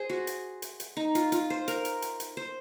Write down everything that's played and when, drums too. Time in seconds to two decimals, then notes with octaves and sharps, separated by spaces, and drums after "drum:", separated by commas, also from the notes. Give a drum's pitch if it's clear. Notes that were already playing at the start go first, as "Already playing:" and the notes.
Already playing: G#4 C5
0.10 F#4
0.27 drum: hi-hat
0.62 drum: hi-hat
0.80 drum: hi-hat
0.97 D#4
1.15 F4, drum: hi-hat
1.32 F4, drum: hi-hat
1.50 C5
1.68 A#4, drum: hi-hat
1.85 drum: hi-hat
2.02 drum: hi-hat
2.20 drum: hi-hat
2.37 C5